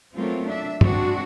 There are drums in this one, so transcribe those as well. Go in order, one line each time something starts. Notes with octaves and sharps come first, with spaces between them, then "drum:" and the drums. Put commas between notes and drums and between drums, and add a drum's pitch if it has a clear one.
F#3 A3 A#3 C4 F4
D4 E5
G#3 C4 D4 F#4, drum: tom